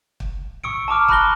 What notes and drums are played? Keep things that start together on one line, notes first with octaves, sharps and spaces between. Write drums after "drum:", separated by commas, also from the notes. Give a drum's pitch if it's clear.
drum: kick
C#6 D#6 E6 C#7 D7, drum: tom A#1
A5 A#5 D6 F6
A5 B5 F#6 A#6 G7, drum: kick